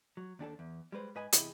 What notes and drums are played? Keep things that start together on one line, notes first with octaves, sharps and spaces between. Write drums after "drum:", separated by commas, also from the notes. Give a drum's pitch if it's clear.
F#3
D#2 D4 G4 A4
E2
G3 G#3 B4 C5
G#2 B4 D#5 G#5 B5
E2 C3 E4 G4 G#4 D#5, drum: hi-hat